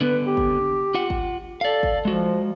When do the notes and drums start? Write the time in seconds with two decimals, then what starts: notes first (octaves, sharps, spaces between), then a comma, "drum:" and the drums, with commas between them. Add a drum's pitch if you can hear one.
0.01 D3 B3 B4
0.27 G4
0.37 drum: kick
0.94 F4 F#5
1.10 drum: kick
1.61 A4 D5 F5
1.83 drum: kick
2.05 F3 G#3 F#4